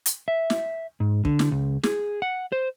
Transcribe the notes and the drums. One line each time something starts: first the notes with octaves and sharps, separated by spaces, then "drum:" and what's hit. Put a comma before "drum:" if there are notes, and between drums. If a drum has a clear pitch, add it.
drum: hi-hat
E5
drum: snare
G#2
D3, drum: kick
drum: snare
C#2
G#4, drum: snare
F#5
C5